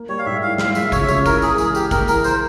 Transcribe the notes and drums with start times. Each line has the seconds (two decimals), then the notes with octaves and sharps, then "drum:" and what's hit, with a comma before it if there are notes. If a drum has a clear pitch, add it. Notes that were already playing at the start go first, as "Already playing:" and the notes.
Already playing: A#3 A#4
0.09 G3 C#5
0.19 F5
0.26 G#2 E5
0.42 E4 F5
0.58 G#3 F5, drum: snare
0.75 F3 E5, drum: tambourine
0.92 C#3 C#5, drum: kick, tambourine
1.02 E5
1.08 C#3 C#5, drum: tambourine
1.26 E4 A#4, drum: kick, tambourine
1.42 G#3 G#4, drum: tambourine
1.58 E3 G#4, drum: tambourine
1.75 G4 G#4, drum: tambourine
1.91 A#3 A#4, drum: kick, tambourine
2.08 E3 A#4, drum: tambourine
2.24 C5, drum: tambourine